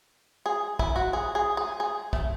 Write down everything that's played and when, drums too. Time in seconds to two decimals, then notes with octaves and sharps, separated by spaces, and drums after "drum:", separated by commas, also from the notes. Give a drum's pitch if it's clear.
0.46 G#4
0.79 E4, drum: kick
0.96 F#4
1.13 G#4
1.35 G#4
1.57 G#4
1.80 G#4
2.13 A3, drum: kick